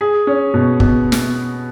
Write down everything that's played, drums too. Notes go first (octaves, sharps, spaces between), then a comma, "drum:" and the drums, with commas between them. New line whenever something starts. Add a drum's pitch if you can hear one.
G#4
C#4
B2
B2, drum: kick
drum: snare